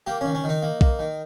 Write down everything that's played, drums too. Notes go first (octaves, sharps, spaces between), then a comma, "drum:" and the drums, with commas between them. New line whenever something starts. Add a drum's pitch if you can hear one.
A#3 G4
D#3 C#4
C#4
D#3
D#4
A#3
A#3, drum: kick B1
D#3